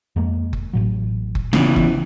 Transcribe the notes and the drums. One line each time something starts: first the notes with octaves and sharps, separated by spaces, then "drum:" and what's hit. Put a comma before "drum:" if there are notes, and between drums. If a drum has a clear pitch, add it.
F2 G#3 A#3
drum: kick F#1
A1 A2 F#3
drum: kick F#1
C#3 E3 A#3 B3, drum: snare
drum: kick F#1